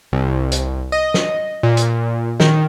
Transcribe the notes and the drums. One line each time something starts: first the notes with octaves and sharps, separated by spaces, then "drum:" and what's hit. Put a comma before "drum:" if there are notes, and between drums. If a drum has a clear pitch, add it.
C2
drum: hi-hat
D#5
drum: snare
A#2
drum: hi-hat
D#3, drum: snare